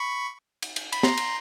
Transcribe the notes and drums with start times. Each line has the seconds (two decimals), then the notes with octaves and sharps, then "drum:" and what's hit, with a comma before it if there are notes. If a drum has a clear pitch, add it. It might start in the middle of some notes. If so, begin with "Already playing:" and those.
Already playing: B5 C#6
0.62 drum: cymbal
0.76 drum: cymbal
0.92 B5, drum: cymbal
1.03 A#5 C6, drum: snare
1.17 drum: cymbal